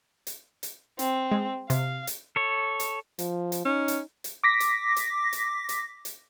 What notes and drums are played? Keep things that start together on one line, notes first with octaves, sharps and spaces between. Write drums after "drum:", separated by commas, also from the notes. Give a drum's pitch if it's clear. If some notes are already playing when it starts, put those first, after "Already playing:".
drum: hi-hat
drum: hi-hat
C4, drum: hi-hat
G#3
C3 F5, drum: hi-hat
drum: hi-hat
A4 C#5
drum: hi-hat
F3, drum: hi-hat
drum: hi-hat
C#4 D#4
drum: hi-hat
drum: hi-hat
D6 A#6 B6
drum: hi-hat
drum: hi-hat
drum: hi-hat
drum: hi-hat
drum: hi-hat